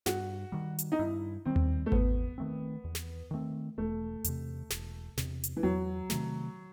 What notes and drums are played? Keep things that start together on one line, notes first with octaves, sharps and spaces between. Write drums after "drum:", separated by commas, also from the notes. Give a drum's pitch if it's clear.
G2 F#4, drum: snare
D#3 G3
drum: hi-hat
D#4
G2 E4
D#3 G3 C4
drum: tom D#2
A3
E2 B3, drum: kick G#1
D#3 A3 C4
E2
drum: snare
D#3 A3 C4
E1 A3
E2 C3, drum: hi-hat
E1, drum: snare
E2 C3, drum: snare
drum: hi-hat
E3
E2 F#3
C3 D#3 A3, drum: snare